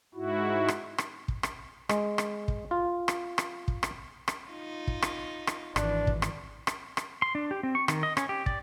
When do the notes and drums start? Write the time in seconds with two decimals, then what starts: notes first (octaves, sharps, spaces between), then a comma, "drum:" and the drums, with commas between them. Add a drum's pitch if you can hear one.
0.14 G#2 E4 F#4
0.68 drum: rim click
0.98 drum: rim click
1.28 drum: kick
1.43 drum: rim click
1.89 G#3, drum: rim click
2.18 drum: rim click
2.48 drum: kick
2.71 F4
3.08 drum: rim click
3.38 drum: rim click
3.68 drum: kick
3.83 drum: rim click
4.28 drum: rim click
4.50 D#4 F4
4.87 drum: kick
5.02 drum: rim click
5.47 drum: rim click
5.76 G#1 E3 D4, drum: rim click
6.07 drum: kick
6.22 drum: rim click
6.67 drum: rim click
6.97 drum: rim click
7.22 C6
7.35 D4
7.51 G4
7.63 C4
7.75 C#6
7.88 D#3, drum: rim click
8.03 D#5
8.17 C#4, drum: rim click
8.29 G4
8.46 D5, drum: kick